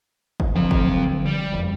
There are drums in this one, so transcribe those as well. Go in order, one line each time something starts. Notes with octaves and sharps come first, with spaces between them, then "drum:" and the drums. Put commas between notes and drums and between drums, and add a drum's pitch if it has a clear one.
drum: kick
D3 F3 F#3 C4 F5
drum: kick
G3
F#1 F2